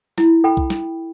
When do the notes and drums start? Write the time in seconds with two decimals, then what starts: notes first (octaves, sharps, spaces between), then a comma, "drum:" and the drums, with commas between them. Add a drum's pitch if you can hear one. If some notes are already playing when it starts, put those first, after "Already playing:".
0.18 E4, drum: snare
0.44 A4 G5 B5
0.57 drum: kick B1
0.70 drum: snare